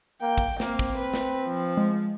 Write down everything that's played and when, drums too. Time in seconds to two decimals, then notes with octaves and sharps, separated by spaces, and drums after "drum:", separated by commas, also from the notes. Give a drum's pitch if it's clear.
0.21 A#3 G5
0.38 drum: kick
0.60 A#3 C4, drum: snare
0.79 drum: kick
0.98 B4
1.14 drum: snare
1.44 F3
1.77 G#3